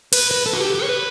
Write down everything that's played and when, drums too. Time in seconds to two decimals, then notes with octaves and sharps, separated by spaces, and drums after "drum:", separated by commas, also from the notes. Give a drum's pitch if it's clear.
0.13 B4, drum: cymbal
0.31 B4
0.46 A4
0.53 F#4
0.60 G4
0.75 G4
0.83 C#5
0.89 B4